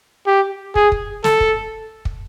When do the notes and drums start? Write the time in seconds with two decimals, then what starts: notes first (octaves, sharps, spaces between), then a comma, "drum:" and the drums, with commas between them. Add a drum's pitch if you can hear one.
0.27 G4
0.75 G#4, drum: kick
0.92 drum: kick
1.24 A4, drum: snare
1.40 drum: kick
2.05 drum: kick